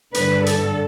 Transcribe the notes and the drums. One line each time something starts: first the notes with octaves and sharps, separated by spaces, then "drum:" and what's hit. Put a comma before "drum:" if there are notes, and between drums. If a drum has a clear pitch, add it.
G2 D3 B4, drum: hi-hat
A4, drum: hi-hat